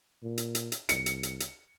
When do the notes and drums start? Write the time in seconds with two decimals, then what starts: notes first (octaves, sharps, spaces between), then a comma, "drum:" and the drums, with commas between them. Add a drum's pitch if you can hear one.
0.23 A#2
0.38 drum: hi-hat
0.55 drum: hi-hat
0.72 drum: hi-hat
0.89 C2 C#7, drum: hi-hat
1.06 drum: hi-hat
1.23 drum: hi-hat
1.40 drum: hi-hat